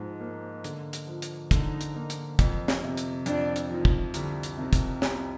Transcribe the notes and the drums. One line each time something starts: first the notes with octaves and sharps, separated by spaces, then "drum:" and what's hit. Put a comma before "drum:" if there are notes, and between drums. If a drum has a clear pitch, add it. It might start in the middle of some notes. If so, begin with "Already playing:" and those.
Already playing: G#2 F3
A#3
D3, drum: hi-hat
drum: hi-hat
F3
drum: hi-hat
D3 D#4, drum: kick, hi-hat
drum: hi-hat
A#3
drum: hi-hat
F2, drum: kick, hi-hat
drum: snare
C3
drum: hi-hat
F2 D4, drum: hi-hat
drum: hi-hat
D#3 F3
drum: kick
C2 D3, drum: hi-hat
drum: hi-hat
C3 D#3
drum: kick, hi-hat
C2, drum: snare